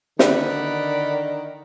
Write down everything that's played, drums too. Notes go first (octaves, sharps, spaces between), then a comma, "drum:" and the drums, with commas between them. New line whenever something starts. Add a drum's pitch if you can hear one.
D3 D#3 D5 F#5 B5, drum: snare